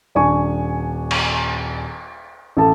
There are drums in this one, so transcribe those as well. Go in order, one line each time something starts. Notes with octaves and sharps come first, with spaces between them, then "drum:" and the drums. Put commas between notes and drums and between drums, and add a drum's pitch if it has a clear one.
D#1 D4 G#5 C#6
drum: cymbal
A1 A4 A5